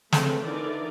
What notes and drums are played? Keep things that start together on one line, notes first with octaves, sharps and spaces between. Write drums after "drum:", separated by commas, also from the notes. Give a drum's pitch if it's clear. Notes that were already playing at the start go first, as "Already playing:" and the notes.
A3 C4 C#4 G#4 A4 B4, drum: snare
D3 E3 D#4 F4 A#4 D5